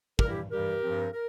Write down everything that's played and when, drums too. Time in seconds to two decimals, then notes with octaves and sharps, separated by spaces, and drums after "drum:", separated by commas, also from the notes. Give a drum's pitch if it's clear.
0.19 G2 E3 G3 G4 A#4, drum: kick
0.29 E4 G4
0.51 G2 E3 G3 G4 A#4
0.82 G2 F3 C4
1.14 A#4